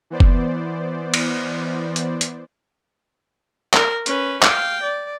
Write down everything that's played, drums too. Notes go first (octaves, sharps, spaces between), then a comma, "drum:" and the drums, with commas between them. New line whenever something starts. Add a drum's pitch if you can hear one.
E3 B3 C5 D5
drum: kick F#1
drum: cymbal
drum: hi-hat
drum: hi-hat
A#4, drum: clap
C#4 B4, drum: hi-hat
F5 G5, drum: clap
D5